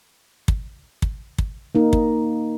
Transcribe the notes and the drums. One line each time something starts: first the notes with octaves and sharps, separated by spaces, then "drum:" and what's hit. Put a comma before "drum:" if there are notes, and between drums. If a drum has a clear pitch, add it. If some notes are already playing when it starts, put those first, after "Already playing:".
drum: kick
drum: kick
drum: kick
A#3 D#4 A#4
drum: kick